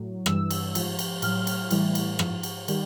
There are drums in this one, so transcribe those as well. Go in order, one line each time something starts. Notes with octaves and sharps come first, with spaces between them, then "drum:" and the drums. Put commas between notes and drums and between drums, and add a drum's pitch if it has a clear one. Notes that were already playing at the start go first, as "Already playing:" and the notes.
Already playing: A2 F#3
G2 E3 G3 E6, drum: rim click
drum: cymbal
G#2 F3, drum: cymbal
drum: cymbal
A2 F#3 F6, drum: cymbal
drum: cymbal
A2 E3 G3, drum: cymbal
drum: cymbal
G#2 F3, drum: rim click
drum: cymbal
D#3 G3, drum: cymbal